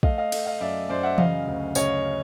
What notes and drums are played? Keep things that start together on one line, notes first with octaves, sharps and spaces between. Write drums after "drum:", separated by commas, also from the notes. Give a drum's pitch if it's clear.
A3 D#5 F5, drum: kick
D#5 F5
A3, drum: cymbal
D#5 F5
F#2 D5 E5
F#2 C5 D5
E5 F#5
C#3 D#5 F5, drum: tom E3
D2
C#3 C#5 D#5, drum: tambourine